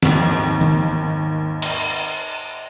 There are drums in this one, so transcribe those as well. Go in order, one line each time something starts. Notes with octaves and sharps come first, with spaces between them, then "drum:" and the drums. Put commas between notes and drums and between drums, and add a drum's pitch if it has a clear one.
G#1 D#2, drum: snare
drum: tom D#3
drum: cymbal